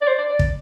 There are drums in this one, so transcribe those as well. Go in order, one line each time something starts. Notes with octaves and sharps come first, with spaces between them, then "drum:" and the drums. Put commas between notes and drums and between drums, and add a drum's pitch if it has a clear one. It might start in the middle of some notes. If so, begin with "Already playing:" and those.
D5
C5
D5
D5
drum: kick